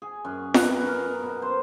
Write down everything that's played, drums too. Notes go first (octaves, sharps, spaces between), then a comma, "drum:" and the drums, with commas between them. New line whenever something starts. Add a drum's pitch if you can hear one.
G#4
F#2
B4, drum: snare F4
A#4
B2
C5